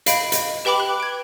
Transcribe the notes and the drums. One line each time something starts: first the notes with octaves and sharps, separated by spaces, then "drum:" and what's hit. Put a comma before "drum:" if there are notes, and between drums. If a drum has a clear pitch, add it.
D#5 F5 B5 D7 F#7, drum: hi-hat
D#5, drum: hi-hat
G4 B4 G5 B5 D6 F#7
F#6
G#6 D7